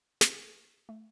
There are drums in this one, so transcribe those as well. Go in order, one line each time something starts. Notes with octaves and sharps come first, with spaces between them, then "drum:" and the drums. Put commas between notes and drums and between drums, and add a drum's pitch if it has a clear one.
C4, drum: snare
A3